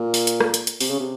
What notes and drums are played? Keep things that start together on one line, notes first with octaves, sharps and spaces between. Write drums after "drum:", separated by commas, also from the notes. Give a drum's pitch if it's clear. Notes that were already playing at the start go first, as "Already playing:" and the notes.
Already playing: A#2
drum: open hi-hat
drum: hi-hat
drum: rim click
drum: hi-hat
drum: hi-hat
C3, drum: open hi-hat
C#3
C3